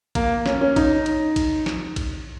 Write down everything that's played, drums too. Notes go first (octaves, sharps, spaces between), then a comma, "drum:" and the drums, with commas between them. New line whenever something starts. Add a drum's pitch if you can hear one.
A#3, drum: kick A#1, cymbal
C#4, drum: snare
C#4
D#4, drum: kick A#1, cymbal
drum: cymbal
drum: kick A#1, cymbal
drum: snare
drum: kick A#1, cymbal